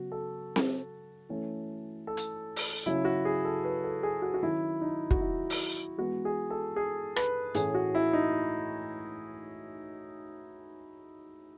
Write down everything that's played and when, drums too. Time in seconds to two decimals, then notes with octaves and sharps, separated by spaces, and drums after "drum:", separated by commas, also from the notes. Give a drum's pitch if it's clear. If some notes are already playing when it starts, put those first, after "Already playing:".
Already playing: C#3 F#3 B3 F#4
0.12 A4
0.56 drum: snare C4
1.29 E3 A3 C#4
2.07 A4
2.17 drum: hi-hat
2.56 drum: open hi-hat
2.86 C#3 F#3 C#4 E4
3.05 F#4
3.25 G#4
3.45 A4
3.65 B4
3.84 A4
4.03 G#4
4.22 F#4
4.34 F#4
4.42 D#3 F#3 C#4 E4
4.81 D#4
5.11 F#4, drum: kick
5.20 E4
5.50 drum: open hi-hat
5.98 E3 G#3 B3 F#4
6.25 G#4
6.50 A4
6.76 G#4
7.16 B4, drum: rim click
7.54 A2 E3 A3 C#4 G#4, drum: hi-hat
7.74 F#4
7.95 E4
8.13 D#4